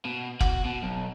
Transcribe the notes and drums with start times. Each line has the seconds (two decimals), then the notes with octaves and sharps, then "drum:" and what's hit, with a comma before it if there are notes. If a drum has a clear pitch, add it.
0.05 B2
0.40 F#4, drum: kick F1
0.65 B2
0.83 B1